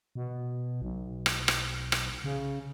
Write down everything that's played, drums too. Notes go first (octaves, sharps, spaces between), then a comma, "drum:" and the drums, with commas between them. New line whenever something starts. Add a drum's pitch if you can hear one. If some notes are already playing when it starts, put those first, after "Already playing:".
B2
B1
drum: rim click
drum: rim click
drum: rim click
C#3